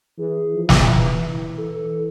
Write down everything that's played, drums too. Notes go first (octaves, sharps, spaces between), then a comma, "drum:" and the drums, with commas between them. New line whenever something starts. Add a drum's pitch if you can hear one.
E3 G#4
F3
drum: snare
E3
E3 A4